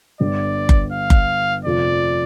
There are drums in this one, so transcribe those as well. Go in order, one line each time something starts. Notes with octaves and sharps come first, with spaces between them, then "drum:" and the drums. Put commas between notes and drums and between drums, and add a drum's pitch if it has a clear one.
G1 G2 G3 D5
drum: kick F#1
F5
drum: kick F#1
F1 F2 F3 D5